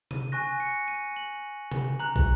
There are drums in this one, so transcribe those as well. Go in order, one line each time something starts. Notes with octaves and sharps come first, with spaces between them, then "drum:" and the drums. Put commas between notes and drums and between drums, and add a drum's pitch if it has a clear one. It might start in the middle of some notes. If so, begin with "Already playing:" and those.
D#7, drum: tom C3
G#5 C#6 F#6 A#6
C#7
D#7
F#7
drum: tom C3
A#5 F#6 F#7
drum: kick